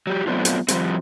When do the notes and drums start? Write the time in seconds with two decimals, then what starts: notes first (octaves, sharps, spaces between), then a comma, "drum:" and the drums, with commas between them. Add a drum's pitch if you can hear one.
0.07 F#3 G4
0.27 F#3 A3 B3 C4 D4 F4
0.45 drum: hi-hat
0.68 F3 G3 C4, drum: hi-hat